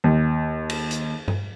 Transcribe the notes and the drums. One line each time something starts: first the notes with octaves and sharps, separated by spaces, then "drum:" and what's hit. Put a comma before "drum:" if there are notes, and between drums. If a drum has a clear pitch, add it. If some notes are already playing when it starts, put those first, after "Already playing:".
D#2
drum: cymbal
drum: hi-hat
drum: tom G2